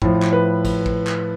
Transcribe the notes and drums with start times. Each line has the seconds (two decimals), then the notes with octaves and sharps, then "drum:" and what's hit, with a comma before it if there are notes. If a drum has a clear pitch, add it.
0.02 A2 F3, drum: kick
0.22 drum: clap
0.33 B4
0.65 drum: kick, cymbal
0.86 drum: kick
1.07 drum: clap